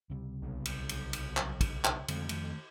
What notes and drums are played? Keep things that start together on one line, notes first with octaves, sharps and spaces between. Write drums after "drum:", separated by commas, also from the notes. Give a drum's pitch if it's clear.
C#2 C3 G3
B1
drum: cymbal
drum: cymbal
drum: cymbal
drum: clap
drum: kick, cymbal
drum: clap
F2 D3 G#3 A3, drum: cymbal
D#3 A3, drum: cymbal